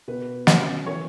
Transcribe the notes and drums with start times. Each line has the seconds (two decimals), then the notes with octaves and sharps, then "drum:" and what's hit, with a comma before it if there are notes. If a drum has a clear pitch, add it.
0.08 B2 B4
0.47 F#3 C#4, drum: snare
0.86 E3 C#5